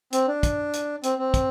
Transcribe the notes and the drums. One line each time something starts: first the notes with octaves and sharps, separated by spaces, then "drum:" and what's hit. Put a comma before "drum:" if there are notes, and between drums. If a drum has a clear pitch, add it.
C4, drum: hi-hat
D4
drum: kick, hi-hat
drum: hi-hat
C4, drum: hi-hat
C4
drum: kick, hi-hat